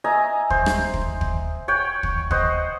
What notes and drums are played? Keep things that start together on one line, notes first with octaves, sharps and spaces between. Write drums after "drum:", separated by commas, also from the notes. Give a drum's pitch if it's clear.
D#5 E5 G#5 A#5
C5, drum: kick
drum: rim click
drum: kick
drum: kick
C#5 F#5 G5
drum: kick
C5 D#5 F#5, drum: kick